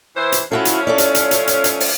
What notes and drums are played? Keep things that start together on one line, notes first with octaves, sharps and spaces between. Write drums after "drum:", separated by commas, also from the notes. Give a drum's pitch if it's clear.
E3 C5
drum: hi-hat
F3 A3 C#4 E4 F#4 A4
drum: hi-hat
A4 C#5 D5
drum: hi-hat
drum: hi-hat
drum: hi-hat
drum: hi-hat
drum: hi-hat
drum: open hi-hat